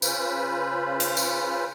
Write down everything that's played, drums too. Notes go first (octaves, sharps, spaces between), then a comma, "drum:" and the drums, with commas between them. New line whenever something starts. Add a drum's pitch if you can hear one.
C#3 C#4 F4 B4 C5 B5, drum: tambourine
drum: hi-hat
drum: tambourine